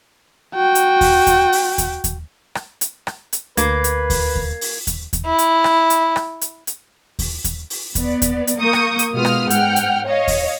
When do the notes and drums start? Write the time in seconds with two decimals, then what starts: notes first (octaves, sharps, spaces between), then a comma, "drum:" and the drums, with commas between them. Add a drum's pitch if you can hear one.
0.55 F#4 G5
0.75 drum: hi-hat
1.01 drum: kick D#2, open hi-hat
1.27 drum: kick D#2, hi-hat
1.52 drum: open hi-hat
1.78 drum: kick D#2, hi-hat
2.04 drum: kick D#2, hi-hat
2.55 drum: rim click
2.81 drum: hi-hat
3.07 drum: rim click
3.33 drum: hi-hat
3.57 D2 A#3 B4 G#6 C7, drum: hi-hat
3.84 drum: hi-hat
4.10 drum: kick D#2, open hi-hat
4.36 drum: kick D#2
4.61 drum: open hi-hat
4.87 drum: kick D#2, hi-hat
5.13 drum: kick D#2, hi-hat
5.26 E4
5.38 drum: hi-hat
5.64 drum: rim click
5.90 drum: hi-hat
6.16 drum: rim click
6.41 drum: hi-hat
6.67 drum: hi-hat
7.19 drum: kick D#2, open hi-hat
7.44 drum: kick D#2, hi-hat
7.70 drum: open hi-hat
7.95 B3 D5, drum: kick D#2, hi-hat
8.22 drum: kick D#2, hi-hat
8.47 drum: hi-hat
8.59 A#3 C#6 D#6 G6
8.73 drum: rim click
8.99 drum: hi-hat
9.14 B2 G#3 B3 F4 D#6 F6
9.25 drum: rim click
9.50 G#2 F#5 G5 F6, drum: hi-hat
9.76 drum: hi-hat
10.06 C#5 D#5 F5
10.28 drum: kick D#2, open hi-hat